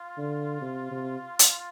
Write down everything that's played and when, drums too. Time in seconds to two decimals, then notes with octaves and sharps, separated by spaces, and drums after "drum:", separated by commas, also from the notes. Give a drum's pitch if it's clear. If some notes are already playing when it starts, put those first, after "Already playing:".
Already playing: F4
0.17 D3
0.61 C3
0.91 C3
1.39 drum: hi-hat